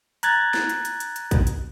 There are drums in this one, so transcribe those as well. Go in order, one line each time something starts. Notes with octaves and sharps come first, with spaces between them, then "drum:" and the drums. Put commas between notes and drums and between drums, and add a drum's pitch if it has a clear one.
A#5 F#6 G#6 A6, drum: hi-hat
drum: snare
drum: hi-hat
drum: hi-hat
drum: hi-hat
drum: hi-hat
drum: kick, hi-hat
drum: hi-hat